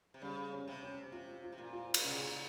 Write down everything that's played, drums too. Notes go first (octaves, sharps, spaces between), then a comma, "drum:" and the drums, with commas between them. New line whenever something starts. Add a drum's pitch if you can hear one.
C3
C#3 G3
C#4
C3
C#4
C3 F4
F4
C3
A#2
F4
drum: cymbal
A#2 C#3